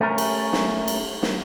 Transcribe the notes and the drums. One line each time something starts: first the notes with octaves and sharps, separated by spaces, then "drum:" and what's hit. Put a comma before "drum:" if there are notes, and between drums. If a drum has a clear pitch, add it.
A3 C#4 A#4
drum: cymbal
drum: snare
drum: cymbal
drum: snare